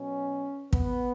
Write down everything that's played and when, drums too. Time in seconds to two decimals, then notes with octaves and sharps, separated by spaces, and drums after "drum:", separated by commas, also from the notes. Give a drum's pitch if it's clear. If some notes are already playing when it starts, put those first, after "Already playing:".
Already playing: B2 F#3 C#4
0.73 B3, drum: kick